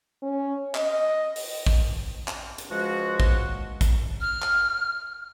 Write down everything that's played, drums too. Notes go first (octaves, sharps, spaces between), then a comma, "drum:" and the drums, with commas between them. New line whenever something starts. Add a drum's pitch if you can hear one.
C#4
D#5, drum: clap
drum: open hi-hat
drum: kick A1
drum: clap
drum: hi-hat
C#2 F3 G#3 F#4
drum: kick A1
drum: kick A1, hi-hat
F6
drum: clap